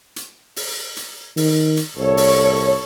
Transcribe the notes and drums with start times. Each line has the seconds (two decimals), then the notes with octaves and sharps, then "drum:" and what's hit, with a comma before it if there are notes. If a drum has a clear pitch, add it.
0.16 drum: hi-hat
0.56 drum: open hi-hat
0.97 drum: hi-hat
1.37 D#3, drum: open hi-hat
1.77 drum: hi-hat
1.97 C2 A4 C#5
2.17 drum: open hi-hat